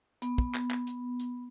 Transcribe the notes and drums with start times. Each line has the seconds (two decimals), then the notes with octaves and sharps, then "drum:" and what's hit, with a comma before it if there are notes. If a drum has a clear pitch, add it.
0.22 B3, drum: hi-hat
0.38 drum: kick
0.55 drum: clap
0.71 drum: clap
0.87 drum: hi-hat
1.20 drum: hi-hat